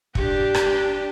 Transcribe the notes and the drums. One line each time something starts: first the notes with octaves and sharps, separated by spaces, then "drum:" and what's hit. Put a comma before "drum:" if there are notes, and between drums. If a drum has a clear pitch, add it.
D4 G4, drum: kick
drum: rim click